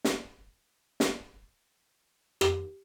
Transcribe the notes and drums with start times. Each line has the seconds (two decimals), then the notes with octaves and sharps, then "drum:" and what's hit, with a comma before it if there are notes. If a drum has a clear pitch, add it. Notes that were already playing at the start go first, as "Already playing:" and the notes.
0.04 drum: snare
1.00 drum: snare
2.41 G4, drum: rim click